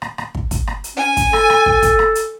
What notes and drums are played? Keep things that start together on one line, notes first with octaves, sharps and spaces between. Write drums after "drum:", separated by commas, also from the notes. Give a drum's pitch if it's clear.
drum: rim click
drum: rim click
drum: kick
drum: kick, hi-hat
drum: rim click
drum: hi-hat
C#4 G#5
drum: kick, hi-hat
A4, drum: rim click
drum: rim click
drum: kick
drum: kick, hi-hat
drum: rim click
drum: hi-hat